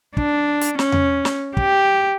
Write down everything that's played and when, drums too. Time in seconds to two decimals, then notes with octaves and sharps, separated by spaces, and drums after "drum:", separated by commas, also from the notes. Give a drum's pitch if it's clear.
0.17 D4, drum: kick
0.61 drum: hi-hat
0.79 C#4, drum: snare
0.92 drum: tom E2
1.25 drum: snare
1.57 G4, drum: kick